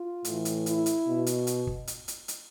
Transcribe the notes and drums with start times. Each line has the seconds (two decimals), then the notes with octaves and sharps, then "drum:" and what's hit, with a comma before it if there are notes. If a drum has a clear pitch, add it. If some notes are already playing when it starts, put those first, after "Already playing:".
Already playing: F4
0.25 A2 E3, drum: hi-hat
0.45 drum: hi-hat
0.66 E4, drum: hi-hat
0.86 drum: hi-hat
1.06 B2
1.26 drum: hi-hat
1.47 drum: hi-hat
1.67 drum: kick
1.87 drum: hi-hat
2.08 drum: hi-hat
2.28 drum: hi-hat